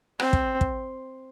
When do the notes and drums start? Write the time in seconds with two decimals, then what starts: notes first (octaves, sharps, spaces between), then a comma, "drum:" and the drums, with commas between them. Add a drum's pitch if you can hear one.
0.19 C4, drum: rim click
0.33 drum: kick
0.61 drum: kick